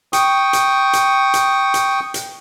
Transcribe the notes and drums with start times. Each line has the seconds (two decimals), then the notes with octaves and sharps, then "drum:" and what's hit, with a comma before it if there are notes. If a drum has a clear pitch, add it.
0.13 G5 C#6 D#6, drum: hi-hat
0.53 drum: hi-hat
0.93 drum: hi-hat
1.34 drum: hi-hat
1.74 drum: hi-hat
2.14 drum: hi-hat